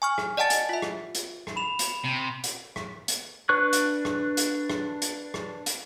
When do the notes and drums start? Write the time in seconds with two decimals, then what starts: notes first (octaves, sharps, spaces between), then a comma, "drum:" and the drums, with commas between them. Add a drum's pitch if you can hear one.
0.02 G#5 C#6 F6
0.18 drum: rim click
0.37 D5 D#5 F#5 G#5 A5 A6
0.50 drum: hi-hat
0.69 F4 E5
0.82 drum: rim click
1.15 drum: hi-hat
1.47 drum: rim click
1.56 B5 E7 F7
1.79 drum: hi-hat
2.04 C3
2.44 drum: hi-hat
2.76 drum: rim click
3.08 drum: hi-hat
3.49 D4 B4 C#6 F#6
3.73 drum: hi-hat
4.05 drum: rim click
4.37 drum: hi-hat
4.70 drum: rim click
5.02 drum: hi-hat
5.34 drum: rim click
5.66 drum: hi-hat